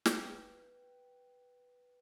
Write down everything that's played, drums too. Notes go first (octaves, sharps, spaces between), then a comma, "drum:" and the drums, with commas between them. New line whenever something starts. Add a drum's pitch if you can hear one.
B4 G5, drum: snare